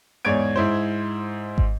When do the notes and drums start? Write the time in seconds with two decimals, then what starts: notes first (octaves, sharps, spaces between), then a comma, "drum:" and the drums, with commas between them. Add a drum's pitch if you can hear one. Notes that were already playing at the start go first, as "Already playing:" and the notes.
0.25 E2 G#2 C#5 D5 G#6 D7
0.56 G#2 E4 C5
1.58 drum: kick